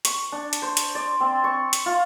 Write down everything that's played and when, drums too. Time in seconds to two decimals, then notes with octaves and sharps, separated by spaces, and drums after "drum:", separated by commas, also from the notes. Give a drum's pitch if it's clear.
0.05 C#6, drum: hi-hat
0.32 D4
0.53 drum: hi-hat
0.62 C5
0.77 drum: hi-hat
0.95 D5
1.20 C4
1.44 C#6
1.73 drum: hi-hat
1.86 F4